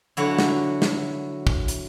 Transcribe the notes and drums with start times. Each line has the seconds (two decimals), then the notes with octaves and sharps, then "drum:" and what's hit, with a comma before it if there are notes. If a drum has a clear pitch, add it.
0.17 D3 F#3 E4
0.39 drum: snare
0.82 drum: snare
1.47 drum: kick
1.68 drum: hi-hat